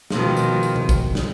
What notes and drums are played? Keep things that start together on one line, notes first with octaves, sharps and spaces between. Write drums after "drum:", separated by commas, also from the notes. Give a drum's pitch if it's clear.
B2 D#3 F3, drum: snare
drum: tambourine
drum: tambourine
drum: tom B2
drum: kick, tambourine
drum: snare